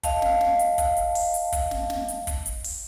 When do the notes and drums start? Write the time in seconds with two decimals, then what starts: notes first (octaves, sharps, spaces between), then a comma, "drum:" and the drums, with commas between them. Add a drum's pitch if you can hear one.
0.03 D#5 F5 A5, drum: kick, hi-hat
0.22 drum: snare
0.41 drum: snare
0.59 drum: hi-hat
0.78 drum: kick, hi-hat
0.97 drum: hi-hat
1.15 drum: open hi-hat
1.34 drum: hi-hat
1.52 drum: kick, hi-hat
1.71 drum: snare
1.90 drum: snare
2.08 drum: hi-hat
2.27 drum: kick, hi-hat
2.46 drum: hi-hat
2.64 drum: open hi-hat